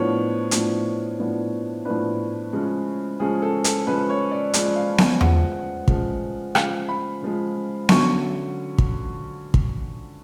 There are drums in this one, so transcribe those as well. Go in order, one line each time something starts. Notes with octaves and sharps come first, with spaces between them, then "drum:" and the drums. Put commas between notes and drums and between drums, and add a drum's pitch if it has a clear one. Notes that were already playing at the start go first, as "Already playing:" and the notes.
Already playing: A2 F3 B3 D4 C#5
A2 F3 B3 D4, drum: hi-hat
A2 F3 B3 D4
A2 F3 B3 D4 B4
C#3 F3 G#3 C#4
C#3 F3 G#3 C#4 G#4
A4
A4, drum: hi-hat
C#3 F3 G#3 C#4 B4
C#5
D5
C#3 F3 G#3 C#4 D5, drum: hi-hat
F5
G#5, drum: snare B3
C#3 F3 G#3 F#5, drum: tom E2
C#3 F3 G#3, drum: kick
C#3 F3 G#3 F5, drum: rim click
B5
C#3 F3 G#3
D3 F#3 C#4 C#6, drum: snare B3
drum: kick
drum: kick